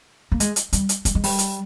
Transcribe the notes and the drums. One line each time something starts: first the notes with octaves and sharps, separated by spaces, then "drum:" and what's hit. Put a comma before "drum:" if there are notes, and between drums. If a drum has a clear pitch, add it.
A#3
G#3, drum: hi-hat
drum: hi-hat
G3, drum: hi-hat
drum: hi-hat
G3, drum: kick, hi-hat
G#3
G3, drum: open hi-hat
drum: hi-hat